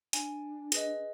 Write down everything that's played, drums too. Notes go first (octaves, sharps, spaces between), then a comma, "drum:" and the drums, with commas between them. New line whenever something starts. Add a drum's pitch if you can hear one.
D4 G#5, drum: hi-hat
G#4 B4 D#5, drum: hi-hat